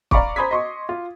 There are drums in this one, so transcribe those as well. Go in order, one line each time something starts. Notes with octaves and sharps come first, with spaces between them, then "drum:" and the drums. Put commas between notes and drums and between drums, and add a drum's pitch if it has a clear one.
D5 F5 A#5 B5 C#6 D6, drum: kick
C5 A#5 B5 D#6 G#6 B6
D#5 C6 C#6
F4